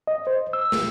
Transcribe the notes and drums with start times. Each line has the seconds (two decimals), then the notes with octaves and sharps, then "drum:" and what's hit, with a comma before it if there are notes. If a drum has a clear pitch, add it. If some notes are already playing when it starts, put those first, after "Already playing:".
0.07 D#5
0.27 C5
0.53 E6
0.72 drum: snare